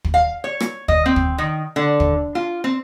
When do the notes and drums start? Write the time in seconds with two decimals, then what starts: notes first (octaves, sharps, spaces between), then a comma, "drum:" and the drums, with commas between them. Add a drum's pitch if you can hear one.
0.05 drum: kick
0.14 F5
0.44 C#5
0.60 drum: rim click
0.88 D#5, drum: kick
1.06 C4
1.16 drum: kick
1.38 D#3
1.76 D3
2.00 drum: kick
2.35 F4
2.64 C4